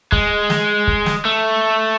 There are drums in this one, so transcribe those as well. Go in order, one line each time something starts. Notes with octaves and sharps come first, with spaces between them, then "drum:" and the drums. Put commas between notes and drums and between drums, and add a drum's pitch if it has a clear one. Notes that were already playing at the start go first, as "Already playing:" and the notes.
G#3, drum: kick
drum: snare
drum: kick
drum: snare
A3